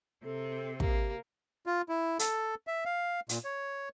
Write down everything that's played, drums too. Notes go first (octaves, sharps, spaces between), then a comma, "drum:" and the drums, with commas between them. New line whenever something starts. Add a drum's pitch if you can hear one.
C3 C4 A4
A#3 G4, drum: kick
F4
E4
A4, drum: hi-hat
E5
F5
A#2, drum: hi-hat
C#5